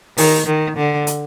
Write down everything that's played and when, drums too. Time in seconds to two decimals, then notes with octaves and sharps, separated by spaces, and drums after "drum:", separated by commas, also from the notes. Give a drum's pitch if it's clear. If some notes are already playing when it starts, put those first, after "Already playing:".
0.18 D#3, drum: open hi-hat
0.47 D#3
0.77 D3
1.07 drum: hi-hat